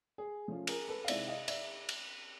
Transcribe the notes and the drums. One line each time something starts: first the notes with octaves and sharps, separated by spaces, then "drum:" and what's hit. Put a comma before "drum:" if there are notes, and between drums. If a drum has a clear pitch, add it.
G#4
F3 A3 C#4 F4
G#4 A#4, drum: cymbal
A4 B4
F5
C3 D#3 G#3 C4 E4 D5 E5, drum: cymbal
D#5 F5
D5 E5, drum: cymbal
drum: cymbal